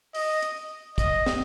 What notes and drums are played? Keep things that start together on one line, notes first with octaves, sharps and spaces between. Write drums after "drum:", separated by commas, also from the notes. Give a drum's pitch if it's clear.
D#5, drum: open hi-hat
drum: hi-hat
D#5, drum: kick, hi-hat
drum: snare